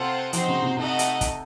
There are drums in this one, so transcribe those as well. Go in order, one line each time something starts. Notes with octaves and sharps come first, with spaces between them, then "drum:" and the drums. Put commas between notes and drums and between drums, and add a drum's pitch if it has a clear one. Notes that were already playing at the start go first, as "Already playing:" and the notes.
Already playing: C3 C4 F4 A4 C5 F#5
F3 C4 D#4 F#4 C5, drum: hi-hat
C#3
C3
C3 A3 D#4 A4 D#5 F#5
drum: hi-hat
drum: kick, hi-hat